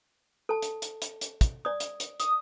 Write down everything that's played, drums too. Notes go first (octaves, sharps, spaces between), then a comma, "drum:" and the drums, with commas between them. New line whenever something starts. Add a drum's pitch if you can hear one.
A4 A5
drum: hi-hat
drum: hi-hat
drum: hi-hat
drum: hi-hat
drum: kick, hi-hat
D5 D#6
drum: hi-hat
drum: hi-hat
D#6, drum: hi-hat